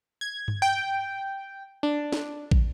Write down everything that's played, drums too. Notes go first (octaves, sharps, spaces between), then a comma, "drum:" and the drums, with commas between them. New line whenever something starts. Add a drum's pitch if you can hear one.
G#6
drum: tom G2
G5
D4
drum: snare
drum: kick